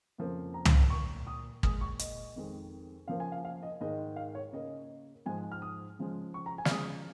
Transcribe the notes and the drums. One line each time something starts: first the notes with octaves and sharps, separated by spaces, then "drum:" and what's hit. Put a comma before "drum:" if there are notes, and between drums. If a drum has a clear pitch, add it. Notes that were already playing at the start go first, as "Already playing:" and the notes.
F2 C#3 F3 A#3
A#5
drum: tom
A#2 A#3 C#6
D#6
A#2 G#3 D#6, drum: kick
C#6
D#5, drum: hi-hat
F2 D#3 G#3
C#3 F3 A#3 F5
G#5
F5
F5
D#5
G#2 D#3 G#3 D#5
F5
C#5
C#3 A#3 D#5
G#2 F3 G#3 G#5
F6
D#6
C#3 F3 G#3
C#6
A#5
G#5
F6, drum: snare
C#3 F3 G#3 D#6